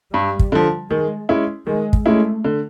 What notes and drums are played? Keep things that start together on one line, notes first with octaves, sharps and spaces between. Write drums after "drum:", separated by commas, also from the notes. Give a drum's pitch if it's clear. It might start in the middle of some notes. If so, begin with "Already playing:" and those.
G2 G3
drum: kick
D3 F3
D#3 G#3
G#3 C#4 E4
D#3 G#3
drum: kick
G#3 A3 C#4 E4
D3